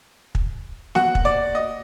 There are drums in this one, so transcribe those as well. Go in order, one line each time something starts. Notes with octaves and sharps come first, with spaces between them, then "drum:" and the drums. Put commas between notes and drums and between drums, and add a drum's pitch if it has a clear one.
drum: kick
F#4 F#5, drum: snare
drum: kick
D5
D#5